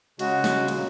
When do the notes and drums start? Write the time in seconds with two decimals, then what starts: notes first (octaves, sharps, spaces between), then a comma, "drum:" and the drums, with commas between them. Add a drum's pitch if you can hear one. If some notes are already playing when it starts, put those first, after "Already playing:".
0.19 C#3 G#3 F#4, drum: cymbal
0.44 drum: snare
0.68 A#2 F#3, drum: cymbal